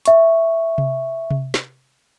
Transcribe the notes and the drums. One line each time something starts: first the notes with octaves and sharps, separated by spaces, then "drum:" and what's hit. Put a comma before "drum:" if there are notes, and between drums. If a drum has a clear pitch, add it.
E5 C#6, drum: hi-hat
drum: tom C3
drum: tom C3
drum: snare